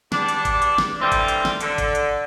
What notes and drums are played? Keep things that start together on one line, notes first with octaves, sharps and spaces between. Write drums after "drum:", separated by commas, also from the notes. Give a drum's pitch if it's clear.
E2 G3 D4, drum: snare
drum: hi-hat
drum: kick G1, hi-hat
drum: hi-hat
drum: snare
D3 E3 G3 C4 F4
drum: kick G1, hi-hat
drum: hi-hat
drum: snare
D3, drum: hi-hat
drum: kick G1, hi-hat
drum: hi-hat